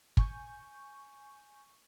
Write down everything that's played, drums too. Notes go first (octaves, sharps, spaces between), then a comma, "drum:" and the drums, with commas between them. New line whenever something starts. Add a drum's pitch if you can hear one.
G#5 C#6 G6, drum: kick